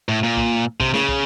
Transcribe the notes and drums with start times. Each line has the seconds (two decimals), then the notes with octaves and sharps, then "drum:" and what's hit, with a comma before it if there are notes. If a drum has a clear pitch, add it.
0.09 A2
0.23 A#2
0.37 drum: kick
0.80 C3, drum: kick
0.94 C#3, drum: snare
1.09 drum: kick